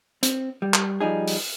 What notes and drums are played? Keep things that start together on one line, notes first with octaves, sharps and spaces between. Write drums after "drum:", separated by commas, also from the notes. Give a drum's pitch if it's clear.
C4, drum: hi-hat
G3
drum: clap
F3 G3 D#4 G#4
drum: open hi-hat